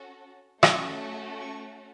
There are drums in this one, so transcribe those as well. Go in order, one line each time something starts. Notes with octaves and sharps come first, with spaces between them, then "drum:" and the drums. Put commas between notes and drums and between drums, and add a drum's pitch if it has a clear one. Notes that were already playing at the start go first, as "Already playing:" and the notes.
Already playing: C#4 F#4 A4
A3 C#4 F#4 C#6, drum: rim click
C#6
C#6